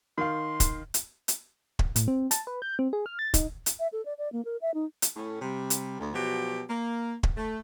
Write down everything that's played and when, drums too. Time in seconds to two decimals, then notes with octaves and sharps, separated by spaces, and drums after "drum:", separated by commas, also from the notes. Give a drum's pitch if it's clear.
0.18 D#3 F5 C6
0.60 drum: kick, hi-hat
0.94 drum: hi-hat
1.28 drum: hi-hat
1.79 drum: kick
1.96 A2, drum: hi-hat
2.08 C4
2.31 A5, drum: hi-hat
2.47 B4
2.62 G6
2.79 C4
2.93 G#4
3.06 F6
3.19 A6
3.34 D#4, drum: kick, hi-hat
3.66 drum: hi-hat
3.79 E5
3.92 A4
4.05 D5
4.18 D5
4.32 A#3
4.45 A#4
4.61 E5
4.74 D#4
5.02 drum: hi-hat
5.16 A2 C#4
5.41 C3 G3
5.70 drum: hi-hat
5.99 D2
6.13 B2 F3 F#3 G4
6.69 A#3
7.23 drum: kick
7.37 A3